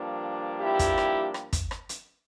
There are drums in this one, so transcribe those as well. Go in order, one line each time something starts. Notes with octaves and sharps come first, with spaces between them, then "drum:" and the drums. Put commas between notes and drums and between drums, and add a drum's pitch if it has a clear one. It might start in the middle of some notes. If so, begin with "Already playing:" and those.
Already playing: G2 F3 A#3 D4
E4 G4
drum: kick, hi-hat
drum: rim click
drum: rim click
drum: kick, hi-hat
drum: rim click
drum: hi-hat